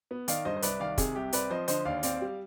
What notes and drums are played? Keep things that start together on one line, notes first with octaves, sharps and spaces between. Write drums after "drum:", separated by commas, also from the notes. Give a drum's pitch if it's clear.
B3
D#3 D5 F5, drum: hi-hat
G2 C5 D#5
C5
C2 B4 D5, drum: hi-hat
D#3 D5 F5
C3 G#4, drum: kick, hi-hat
C2 G4
C4 B4 D5, drum: hi-hat
F3 C5 D#5
D3 C5 D#5, drum: hi-hat
D#2 D5 F5
C4 D5 F5, drum: hi-hat
G3